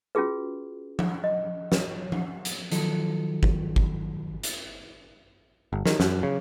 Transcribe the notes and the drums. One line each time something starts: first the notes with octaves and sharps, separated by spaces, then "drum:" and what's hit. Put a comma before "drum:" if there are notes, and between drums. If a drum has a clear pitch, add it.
C#4 F4 F#4 G#4 B4
drum: tom F3
D#5
drum: snare
drum: tom F3
drum: hi-hat
D#3 F3 F#3 A4, drum: hi-hat
drum: kick G1
drum: kick G1
drum: hi-hat
G1
D#3, drum: snare
F#2, drum: snare
C#3